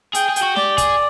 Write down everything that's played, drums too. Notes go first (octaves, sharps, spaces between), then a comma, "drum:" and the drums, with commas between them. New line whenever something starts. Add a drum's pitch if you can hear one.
G#4 G5, drum: hi-hat
G#4
G5, drum: hi-hat
F#4
G4 D5, drum: snare
G#4, drum: kick, hi-hat